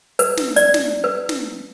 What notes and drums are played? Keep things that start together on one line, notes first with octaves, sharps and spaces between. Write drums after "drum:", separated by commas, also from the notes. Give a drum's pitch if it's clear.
B4, drum: hi-hat
drum: snare
D5, drum: hi-hat
drum: snare
B4
drum: snare